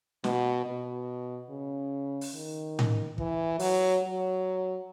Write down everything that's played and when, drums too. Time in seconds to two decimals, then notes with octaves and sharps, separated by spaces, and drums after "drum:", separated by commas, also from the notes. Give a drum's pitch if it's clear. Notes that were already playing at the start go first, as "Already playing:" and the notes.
0.24 B2, drum: snare
0.66 B2
1.50 C#3
2.21 drum: open hi-hat
2.34 D#3
2.79 drum: tom A2
3.18 E3, drum: kick
3.59 F#3, drum: open hi-hat
4.03 F#3